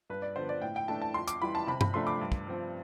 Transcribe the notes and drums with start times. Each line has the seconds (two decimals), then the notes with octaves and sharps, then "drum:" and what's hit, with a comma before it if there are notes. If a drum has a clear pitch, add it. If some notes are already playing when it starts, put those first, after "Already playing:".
0.10 G2 B4
0.22 D5
0.36 D3 F3 B3 C5
0.49 D5
0.62 A2 G5
0.76 G5
0.88 E3 A3 D4 A5
1.02 A5
1.14 F2 C6
1.28 D6, drum: hi-hat
1.42 E3 G3 B5
1.55 A5
1.67 C3 B5
1.81 B5, drum: tom G2
1.94 F3 A3 D4 C6
2.07 D6
2.21 G2
2.32 drum: kick
2.47 F3 C4